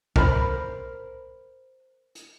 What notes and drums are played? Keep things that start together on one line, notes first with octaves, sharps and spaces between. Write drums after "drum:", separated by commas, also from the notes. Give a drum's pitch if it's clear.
A#4 C5 B5, drum: kick B1
drum: hi-hat